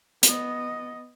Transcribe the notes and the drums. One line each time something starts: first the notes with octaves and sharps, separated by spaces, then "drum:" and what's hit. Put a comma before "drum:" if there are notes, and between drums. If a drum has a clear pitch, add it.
B3 D#5, drum: hi-hat